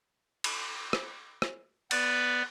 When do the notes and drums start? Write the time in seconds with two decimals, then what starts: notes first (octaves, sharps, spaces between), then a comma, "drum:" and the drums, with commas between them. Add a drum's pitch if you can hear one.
0.44 drum: cymbal
0.93 drum: rim click
1.42 drum: rim click
1.91 B3 B4 D5, drum: cymbal